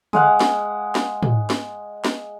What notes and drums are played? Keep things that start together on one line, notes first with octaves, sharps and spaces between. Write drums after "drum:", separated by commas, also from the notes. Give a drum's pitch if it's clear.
G#3 F5 F#5, drum: tom
drum: snare
drum: snare
drum: tom
drum: snare
drum: snare